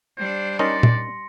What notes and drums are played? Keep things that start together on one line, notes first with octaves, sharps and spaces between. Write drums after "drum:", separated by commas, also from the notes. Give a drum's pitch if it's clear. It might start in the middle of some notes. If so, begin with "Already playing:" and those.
G3 D4 C5
C#4 D#4 A#4 D5 C6 A#6 C#7
drum: tom A#2